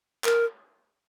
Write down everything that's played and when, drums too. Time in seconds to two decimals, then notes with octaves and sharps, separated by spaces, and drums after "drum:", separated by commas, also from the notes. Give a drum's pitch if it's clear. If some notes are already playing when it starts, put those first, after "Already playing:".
0.24 A#4, drum: clap